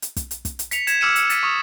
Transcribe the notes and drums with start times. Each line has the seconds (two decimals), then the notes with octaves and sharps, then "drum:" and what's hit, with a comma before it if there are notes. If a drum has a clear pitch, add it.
0.02 drum: hi-hat
0.16 drum: kick, hi-hat
0.31 drum: hi-hat
0.45 drum: kick, hi-hat
0.59 drum: hi-hat
0.71 B6 C#7 F7, drum: hi-hat
0.87 G#6 B6 E7, drum: hi-hat
1.01 D6 E6 F6 C#7 D#7 E7
1.16 E6 C#7, drum: hi-hat
1.30 A6 B6 D#7, drum: hi-hat
1.43 C#6 D#6